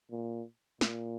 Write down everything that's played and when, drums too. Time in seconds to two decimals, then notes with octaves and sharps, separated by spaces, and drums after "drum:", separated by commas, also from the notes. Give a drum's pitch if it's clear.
0.11 A#2
0.81 A#2, drum: snare